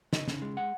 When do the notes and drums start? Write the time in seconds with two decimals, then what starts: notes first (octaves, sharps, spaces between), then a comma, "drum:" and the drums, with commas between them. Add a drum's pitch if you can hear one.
0.13 C#3 D#5, drum: snare
0.28 C#3, drum: snare
0.42 G#3
0.57 F#5